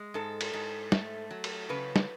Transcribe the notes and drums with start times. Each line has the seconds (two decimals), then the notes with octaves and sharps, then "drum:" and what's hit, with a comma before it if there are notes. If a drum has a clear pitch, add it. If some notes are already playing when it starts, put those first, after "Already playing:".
Already playing: G#3
0.14 G#2 A4
0.41 drum: cymbal
0.54 G#2
0.92 A3, drum: snare
1.31 F#3
1.44 drum: cymbal
1.69 C#3 B4
1.96 drum: snare